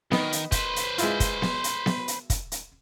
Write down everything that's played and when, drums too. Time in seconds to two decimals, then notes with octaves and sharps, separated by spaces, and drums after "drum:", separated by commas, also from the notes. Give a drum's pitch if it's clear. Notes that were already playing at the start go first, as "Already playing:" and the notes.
0.11 D#3 B3 D#4, drum: snare B3
0.32 drum: hi-hat
0.52 B4 C5, drum: kick, hi-hat
0.76 drum: hi-hat
0.98 G#3 E4 F4, drum: hi-hat
1.20 drum: kick, hi-hat
1.42 drum: snare B3
1.64 drum: hi-hat
1.86 drum: snare B3
2.08 drum: hi-hat
2.30 drum: kick, hi-hat
2.52 drum: hi-hat